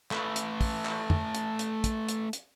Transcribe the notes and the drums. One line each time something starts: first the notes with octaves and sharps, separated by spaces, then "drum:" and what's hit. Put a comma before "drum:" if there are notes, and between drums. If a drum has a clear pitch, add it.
A3 B4, drum: clap
drum: hi-hat
drum: kick, open hi-hat
drum: clap
drum: tom
drum: hi-hat
drum: hi-hat
drum: kick, hi-hat
drum: hi-hat
drum: hi-hat